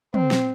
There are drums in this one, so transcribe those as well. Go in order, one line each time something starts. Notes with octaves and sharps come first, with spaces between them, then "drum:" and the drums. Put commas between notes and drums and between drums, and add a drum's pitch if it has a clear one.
C4, drum: tom
drum: snare